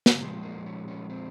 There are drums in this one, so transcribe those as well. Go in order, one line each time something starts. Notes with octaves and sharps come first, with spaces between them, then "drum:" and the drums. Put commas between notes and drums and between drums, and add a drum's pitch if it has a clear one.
drum: snare
A#2 F3 G#3 A#3
A#3
C#4
C#4
C4